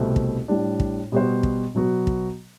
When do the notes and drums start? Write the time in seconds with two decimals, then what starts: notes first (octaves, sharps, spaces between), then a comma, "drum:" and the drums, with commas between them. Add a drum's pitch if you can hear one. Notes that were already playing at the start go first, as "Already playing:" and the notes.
Already playing: C2 B2 A3 C4
0.16 drum: kick
0.48 A2 G3 D4
0.80 drum: kick
1.12 B2 G3 B3 F#4 C5
1.43 drum: kick
1.74 B2 F#3 B3 F#4
2.07 drum: kick